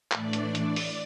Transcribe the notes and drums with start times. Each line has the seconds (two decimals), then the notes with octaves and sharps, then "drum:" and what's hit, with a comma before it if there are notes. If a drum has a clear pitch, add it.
0.11 A2 E3 A3 D4 D5, drum: clap
0.33 drum: hi-hat
0.55 drum: hi-hat
0.76 drum: open hi-hat